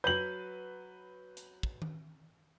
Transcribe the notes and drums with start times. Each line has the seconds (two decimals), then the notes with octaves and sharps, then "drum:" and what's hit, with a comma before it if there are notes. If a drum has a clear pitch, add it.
0.04 F#3 B4 G6 F#7
1.37 drum: hi-hat
1.63 drum: kick
1.82 drum: tom D#3